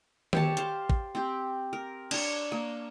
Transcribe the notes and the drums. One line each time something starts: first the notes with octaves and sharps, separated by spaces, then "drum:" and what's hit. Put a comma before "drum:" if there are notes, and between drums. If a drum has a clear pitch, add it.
G4 C#5 A5, drum: tom D#3
C5 F5 A5, drum: hi-hat
drum: kick
C4 G4
A#4
D4 C#5, drum: cymbal
A#3